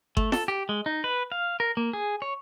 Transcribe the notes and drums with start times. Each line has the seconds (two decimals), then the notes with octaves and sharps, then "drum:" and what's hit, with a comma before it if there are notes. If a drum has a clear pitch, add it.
0.17 A3, drum: kick G1
0.32 A4, drum: snare F4
0.48 G4
0.69 G#3
0.86 D#4
1.04 B4
1.32 F5
1.60 A#4
1.77 A#3
1.93 G#4
2.22 C#5